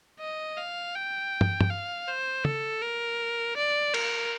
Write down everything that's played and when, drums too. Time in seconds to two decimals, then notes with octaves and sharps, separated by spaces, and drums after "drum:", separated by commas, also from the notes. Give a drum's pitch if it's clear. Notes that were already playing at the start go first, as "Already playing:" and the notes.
0.20 D#5
0.58 F5
0.95 G5
1.41 drum: tom
1.61 drum: tom
1.70 F5
2.07 C5
2.45 A4, drum: tom
2.82 A#4
3.57 D5
3.94 A#4, drum: cymbal